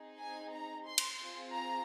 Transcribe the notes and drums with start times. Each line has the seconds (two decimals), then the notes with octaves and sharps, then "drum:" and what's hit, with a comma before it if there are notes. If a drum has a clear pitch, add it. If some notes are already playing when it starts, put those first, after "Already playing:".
Already playing: C4 D#4 G#4
0.21 G#5
0.54 A#5
0.88 C6
0.98 drum: cymbal
1.21 C4 F4 G#4
1.54 A#5